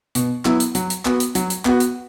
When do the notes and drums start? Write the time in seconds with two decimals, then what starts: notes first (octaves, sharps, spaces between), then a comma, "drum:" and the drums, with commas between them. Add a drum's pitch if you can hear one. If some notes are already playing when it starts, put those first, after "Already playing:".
0.15 B2, drum: hi-hat
0.45 F#3 B3 E4, drum: clap
0.60 drum: hi-hat
0.75 F#3, drum: hi-hat
0.90 drum: hi-hat
1.05 B3 F#4, drum: clap
1.20 drum: hi-hat
1.35 F#3, drum: hi-hat
1.50 drum: hi-hat
1.65 B3 F#4, drum: clap
1.80 drum: hi-hat